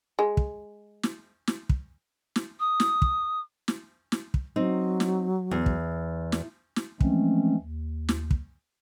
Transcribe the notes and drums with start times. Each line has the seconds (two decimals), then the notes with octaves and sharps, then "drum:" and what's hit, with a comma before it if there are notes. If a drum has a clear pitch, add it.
0.19 G#3
0.37 drum: kick
1.03 drum: snare
1.47 drum: snare
1.69 drum: kick
2.36 drum: snare
2.60 D#6
2.80 drum: snare
3.02 drum: kick
3.68 drum: snare
4.12 drum: snare
4.34 drum: kick
4.56 F#3 C4 D#4
5.00 drum: snare
5.51 E2
5.66 drum: kick
6.32 drum: snare
6.76 drum: snare
7.01 E3 F3 G#3 A3 C4 C#4, drum: kick
7.60 D#2
8.09 drum: snare
8.31 drum: kick